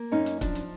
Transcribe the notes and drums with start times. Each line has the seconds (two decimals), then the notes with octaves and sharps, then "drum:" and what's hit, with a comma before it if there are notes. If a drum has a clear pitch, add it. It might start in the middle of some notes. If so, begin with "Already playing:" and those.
Already playing: A#3
0.11 F#2 C#4 D#4
0.26 drum: hi-hat
0.41 F3 D4, drum: kick, hi-hat
0.55 drum: hi-hat